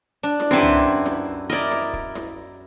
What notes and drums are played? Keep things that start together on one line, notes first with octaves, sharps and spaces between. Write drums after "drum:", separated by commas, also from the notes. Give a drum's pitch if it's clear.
D4
drum: snare E4
F#2 C4 E4 G4 B4
drum: tom
drum: snare E4
E4 A#4 D5 D#5
drum: snare E4
drum: kick
drum: snare E4